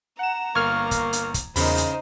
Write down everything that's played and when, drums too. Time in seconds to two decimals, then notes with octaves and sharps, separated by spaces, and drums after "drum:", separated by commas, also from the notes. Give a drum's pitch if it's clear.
0.19 F#5 A#5 E7
0.55 G1 A#3 C#6 F6 G#6
0.91 drum: kick, hi-hat
1.13 drum: hi-hat
1.34 drum: kick, hi-hat
1.56 E2 A#2 C#3 G#3 D#4 C5 B5, drum: open hi-hat
1.77 drum: hi-hat